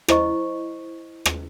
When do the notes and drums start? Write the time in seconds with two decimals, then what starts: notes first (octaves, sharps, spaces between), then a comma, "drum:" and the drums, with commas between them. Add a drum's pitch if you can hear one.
0.08 E4 C5 D#5 C#6, drum: rim click
1.26 drum: rim click